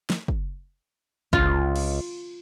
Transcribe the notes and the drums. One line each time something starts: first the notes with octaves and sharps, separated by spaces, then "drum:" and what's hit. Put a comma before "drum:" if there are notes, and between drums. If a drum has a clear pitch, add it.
drum: snare
drum: kick
C#2 F4, drum: kick
drum: cymbal